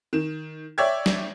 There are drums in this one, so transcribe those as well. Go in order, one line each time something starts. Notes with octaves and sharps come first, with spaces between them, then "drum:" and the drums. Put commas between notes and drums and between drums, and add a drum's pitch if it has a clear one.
D#3 E7
C#5 D5 E5 G5 G#6
drum: snare